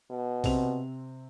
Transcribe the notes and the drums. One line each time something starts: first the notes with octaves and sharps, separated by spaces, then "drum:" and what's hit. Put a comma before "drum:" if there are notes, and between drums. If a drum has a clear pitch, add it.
B2
C3 C4 F7, drum: kick B1, open hi-hat